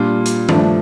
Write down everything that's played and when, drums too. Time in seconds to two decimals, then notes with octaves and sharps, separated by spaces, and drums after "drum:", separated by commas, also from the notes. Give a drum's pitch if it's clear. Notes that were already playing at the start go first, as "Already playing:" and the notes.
Already playing: A#2 G3 D4 F4
0.26 drum: hi-hat
0.49 G2 F3 A3 D4, drum: tom D#3